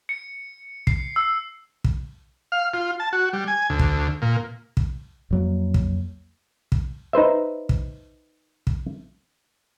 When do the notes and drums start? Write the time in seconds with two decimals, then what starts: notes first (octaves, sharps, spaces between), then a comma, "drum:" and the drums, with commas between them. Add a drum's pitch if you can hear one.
0.09 C#7
0.87 C7, drum: kick
1.16 E6
1.84 drum: kick
2.52 F5
2.74 F4
3.00 A5
3.13 F#4
3.33 G3
3.48 G#5
3.70 D2
3.79 drum: kick
4.22 A#2
4.77 drum: kick
5.30 F2 F#3 A#3
5.74 drum: kick
6.72 drum: kick
7.13 D#4 B4 C5 E5
7.69 drum: kick
8.67 drum: kick